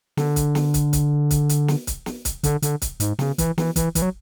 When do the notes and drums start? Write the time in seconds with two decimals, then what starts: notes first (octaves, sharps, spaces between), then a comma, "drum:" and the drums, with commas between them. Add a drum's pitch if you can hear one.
0.17 D3, drum: snare
0.36 drum: kick, hi-hat
0.55 drum: snare
0.74 drum: kick, hi-hat
0.93 drum: kick, hi-hat
1.31 drum: kick, hi-hat
1.49 drum: hi-hat
1.68 drum: snare
1.87 drum: kick, hi-hat
2.06 drum: snare
2.25 drum: kick, hi-hat
2.43 D3, drum: kick, hi-hat
2.62 D3, drum: hi-hat
2.82 drum: kick, hi-hat
3.00 G#2, drum: hi-hat
3.19 C#3, drum: snare
3.38 E3, drum: kick, hi-hat
3.58 E3, drum: snare
3.76 E3, drum: kick, hi-hat
3.95 E3, drum: kick, hi-hat
4.02 F#3